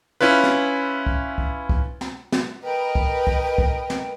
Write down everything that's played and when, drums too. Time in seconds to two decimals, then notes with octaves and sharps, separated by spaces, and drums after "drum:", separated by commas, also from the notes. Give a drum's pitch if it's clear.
0.21 C#4 E4 F4 B4
0.44 drum: snare
1.06 drum: kick C2
1.38 drum: kick C2
1.69 drum: kick C2
2.01 drum: snare
2.32 drum: snare
2.64 A#4 B4 D#5 G5
2.95 drum: kick C2
3.27 drum: kick C2
3.58 drum: kick C2
3.90 drum: snare